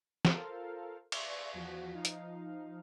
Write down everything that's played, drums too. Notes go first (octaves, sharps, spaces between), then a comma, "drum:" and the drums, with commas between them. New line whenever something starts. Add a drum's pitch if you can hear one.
F4 A4 A#4 C5 F5, drum: snare
D5 E5 C6 C#6, drum: cymbal
E2 F3 F#4 B6
F3 D#4 F5
drum: hi-hat